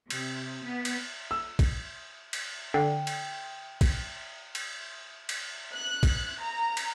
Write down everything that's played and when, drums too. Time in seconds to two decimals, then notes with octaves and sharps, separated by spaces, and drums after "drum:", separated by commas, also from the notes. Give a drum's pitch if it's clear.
0.10 C3, drum: cymbal
0.64 B3
0.85 drum: cymbal
1.31 E6
1.59 drum: kick, cymbal
2.33 drum: cymbal
2.74 D3 G5
3.07 drum: cymbal
3.81 drum: kick, cymbal
4.55 drum: cymbal
5.29 drum: cymbal
5.73 F#6
6.03 drum: kick, cymbal
6.40 A#5
6.77 drum: cymbal